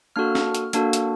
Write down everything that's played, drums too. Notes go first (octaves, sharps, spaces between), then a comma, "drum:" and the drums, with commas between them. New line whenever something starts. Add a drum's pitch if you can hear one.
A#3 D4 F#4 A4 F6
drum: snare
drum: hi-hat
A#3 D4 F#4 A4, drum: hi-hat
drum: hi-hat